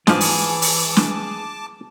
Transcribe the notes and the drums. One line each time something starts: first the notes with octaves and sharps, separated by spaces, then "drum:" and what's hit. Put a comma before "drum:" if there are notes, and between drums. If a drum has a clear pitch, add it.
G#2 E3 F3 G#4 A5 D6, drum: snare
drum: open hi-hat
drum: open hi-hat
drum: snare